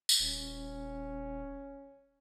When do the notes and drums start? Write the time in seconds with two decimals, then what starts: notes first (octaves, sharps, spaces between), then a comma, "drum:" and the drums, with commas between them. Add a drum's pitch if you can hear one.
0.09 drum: tambourine
0.19 D#1 C#4